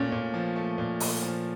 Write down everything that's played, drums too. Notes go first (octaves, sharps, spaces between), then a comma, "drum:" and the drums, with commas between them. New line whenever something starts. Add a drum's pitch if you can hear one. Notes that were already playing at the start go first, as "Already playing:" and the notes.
Already playing: A#2 A3 C#4
A#2
F3
A3
A#2
A#2, drum: open hi-hat
F3